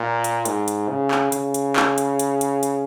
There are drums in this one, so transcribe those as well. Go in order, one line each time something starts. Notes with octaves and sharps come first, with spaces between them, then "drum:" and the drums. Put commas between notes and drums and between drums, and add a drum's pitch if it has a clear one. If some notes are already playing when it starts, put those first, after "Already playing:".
Already playing: A#2
drum: hi-hat
G#2, drum: hi-hat
drum: hi-hat
C#3
drum: clap
C#3, drum: hi-hat
drum: hi-hat
drum: clap
drum: hi-hat
drum: hi-hat
drum: hi-hat
drum: hi-hat